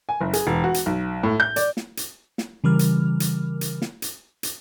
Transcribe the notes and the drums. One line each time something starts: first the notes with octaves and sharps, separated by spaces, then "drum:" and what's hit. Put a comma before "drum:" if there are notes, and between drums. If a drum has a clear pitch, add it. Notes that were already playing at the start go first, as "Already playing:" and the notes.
G#5
F#1
G#4, drum: hi-hat
E1
F#4
drum: hi-hat
B1
A2
G6
D5, drum: hi-hat
drum: snare
drum: hi-hat
drum: snare
C#3 E3 G3 A#4 F6
drum: hi-hat
drum: hi-hat
drum: hi-hat
drum: snare
drum: hi-hat
drum: hi-hat